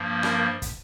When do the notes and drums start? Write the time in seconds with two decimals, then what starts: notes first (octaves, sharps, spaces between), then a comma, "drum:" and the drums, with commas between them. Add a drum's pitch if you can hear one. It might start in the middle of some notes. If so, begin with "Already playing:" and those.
Already playing: G2 F3 A#3
0.23 A#4, drum: rim click
0.62 drum: kick, hi-hat